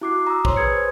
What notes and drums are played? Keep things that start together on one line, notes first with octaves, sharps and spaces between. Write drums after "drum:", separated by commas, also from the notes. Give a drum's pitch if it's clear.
E4 F#4 D6 F#6 C7
A#5 D#6 E6
C5 C#5 C6, drum: kick
G#4 B4 D#6 G#6 C#7
C5